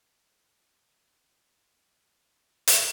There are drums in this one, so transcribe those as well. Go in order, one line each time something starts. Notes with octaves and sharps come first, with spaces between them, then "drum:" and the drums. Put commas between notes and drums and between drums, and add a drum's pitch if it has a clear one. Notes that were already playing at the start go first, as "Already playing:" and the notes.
G#3 C5 E5 E6 F6
drum: hi-hat